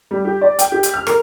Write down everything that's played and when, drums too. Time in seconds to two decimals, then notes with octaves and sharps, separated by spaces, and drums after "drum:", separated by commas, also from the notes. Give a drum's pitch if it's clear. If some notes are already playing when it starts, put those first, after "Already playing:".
0.11 G3
0.25 G4
0.41 D5
0.59 G5, drum: hi-hat
0.72 G4
0.83 drum: hi-hat
0.94 F6
1.07 A#4, drum: rim click